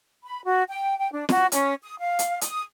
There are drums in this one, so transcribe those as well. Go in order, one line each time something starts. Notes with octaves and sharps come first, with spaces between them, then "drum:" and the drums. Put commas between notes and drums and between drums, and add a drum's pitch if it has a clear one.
B5
F#4
G5
G5
D4
F#4, drum: snare
C#4, drum: hi-hat
D#6
F5
drum: hi-hat
D#6, drum: hi-hat